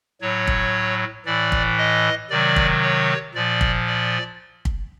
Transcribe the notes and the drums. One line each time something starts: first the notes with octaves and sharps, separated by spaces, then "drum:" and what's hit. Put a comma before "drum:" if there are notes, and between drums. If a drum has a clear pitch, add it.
A2 F#3 C#5
drum: kick
A2 E3 D5
drum: kick
D#5
C3 D#3 F#3 D5
drum: kick
C#5
A#2 F3 D5
drum: kick
D5
drum: kick